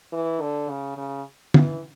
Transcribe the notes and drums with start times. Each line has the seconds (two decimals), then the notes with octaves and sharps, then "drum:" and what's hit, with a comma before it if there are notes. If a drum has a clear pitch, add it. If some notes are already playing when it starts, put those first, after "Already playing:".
0.12 E3
0.41 D3
0.70 C#3
0.97 C#3
1.54 E3, drum: tom